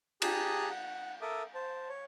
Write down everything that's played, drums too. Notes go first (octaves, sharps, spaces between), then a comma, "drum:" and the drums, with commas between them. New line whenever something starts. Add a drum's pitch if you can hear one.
G4 G#4 A5 A#5 D#6 F#6, drum: cymbal
F#5
A4 A#4 E5 D6 D#6
C5 A5
C#5